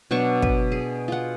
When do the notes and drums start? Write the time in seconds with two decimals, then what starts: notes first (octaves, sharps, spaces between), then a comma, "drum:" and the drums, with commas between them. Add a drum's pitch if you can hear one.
0.11 B2 F#3 D4 C#6
0.42 B4, drum: kick
0.72 G#4
1.08 F4 F#5